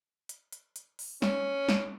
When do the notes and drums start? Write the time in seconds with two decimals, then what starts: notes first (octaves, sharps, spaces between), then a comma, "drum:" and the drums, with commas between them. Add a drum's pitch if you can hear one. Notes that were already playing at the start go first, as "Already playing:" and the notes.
0.29 drum: hi-hat
0.53 drum: hi-hat
0.76 drum: hi-hat
0.99 drum: open hi-hat
1.22 C#4, drum: snare
1.69 drum: snare